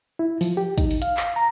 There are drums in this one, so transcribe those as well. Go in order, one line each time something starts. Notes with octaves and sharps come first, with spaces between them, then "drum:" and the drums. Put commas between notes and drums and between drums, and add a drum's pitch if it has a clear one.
E4
F3, drum: open hi-hat
G4
D#4, drum: kick, hi-hat
drum: open hi-hat
F5, drum: hi-hat
drum: clap
A#5